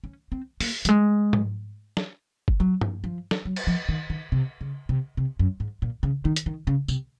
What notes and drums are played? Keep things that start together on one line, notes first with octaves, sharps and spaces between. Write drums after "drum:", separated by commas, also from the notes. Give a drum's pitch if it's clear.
C#4
C4
A#3, drum: open hi-hat
F#3, drum: hi-hat
G#3
drum: tom G#2
drum: snare
drum: kick G1
F#3
drum: tom G2
F3
drum: snare
F#3
drum: cymbal
F3
D#3
D#3
C3
C#3
C3
C3
F#2
G#2
A#2
C#3
D#3
drum: hi-hat
D#3
C#3
C3, drum: tambourine